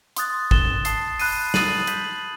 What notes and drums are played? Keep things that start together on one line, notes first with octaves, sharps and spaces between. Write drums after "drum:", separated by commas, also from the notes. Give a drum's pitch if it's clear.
C6 D#6 F#6 A6, drum: hi-hat
D#6 A6 E7 G7, drum: kick
A5 D#6 A6 C7, drum: hi-hat
B5 F#6 C7 D#7, drum: open hi-hat
D#6 A6 D#7 F#7, drum: snare
G6 B6 F#7, drum: hi-hat